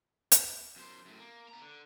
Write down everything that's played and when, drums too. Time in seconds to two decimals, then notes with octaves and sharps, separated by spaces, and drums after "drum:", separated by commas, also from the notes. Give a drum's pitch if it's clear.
0.32 drum: hi-hat
0.76 F#2 C5
1.05 F#2 A2
1.19 A#3
1.49 B3 A#5
1.61 D3